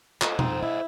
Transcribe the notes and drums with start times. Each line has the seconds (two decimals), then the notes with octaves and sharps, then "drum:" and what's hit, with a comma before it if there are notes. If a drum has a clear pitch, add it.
0.22 F4 A4 C5 D#5, drum: clap
0.39 F2 C4 D#4, drum: tom B2
0.63 E4